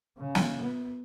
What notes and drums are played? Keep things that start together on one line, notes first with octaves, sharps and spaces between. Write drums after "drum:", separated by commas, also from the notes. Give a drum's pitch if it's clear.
C#3
drum: snare
B3